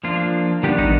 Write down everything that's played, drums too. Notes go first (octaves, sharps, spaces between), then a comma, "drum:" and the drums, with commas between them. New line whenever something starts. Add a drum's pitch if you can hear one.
F3 A#3 D4 F4
D#3 G3 B3 D4 G4
D#4, drum: kick